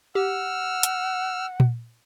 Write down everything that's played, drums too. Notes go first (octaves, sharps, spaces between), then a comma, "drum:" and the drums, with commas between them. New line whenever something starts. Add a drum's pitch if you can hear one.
G4 F#5 E6 F6
drum: hi-hat
drum: tom A#2